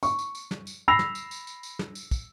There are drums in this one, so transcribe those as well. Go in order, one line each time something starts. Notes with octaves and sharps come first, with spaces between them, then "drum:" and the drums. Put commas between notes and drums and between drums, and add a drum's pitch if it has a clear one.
C#6, drum: tambourine
drum: tambourine
drum: tambourine
drum: snare
drum: tambourine
B5 E6 A#6 C7 F7
drum: snare
drum: tambourine
drum: tambourine
drum: tambourine
drum: tambourine
drum: snare
drum: tambourine
drum: kick, tambourine